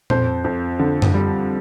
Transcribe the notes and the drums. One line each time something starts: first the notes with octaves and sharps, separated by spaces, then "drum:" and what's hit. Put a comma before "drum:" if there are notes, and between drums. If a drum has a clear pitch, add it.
F2 C5, drum: tom A#2
F2
D3
drum: tom F#2
G3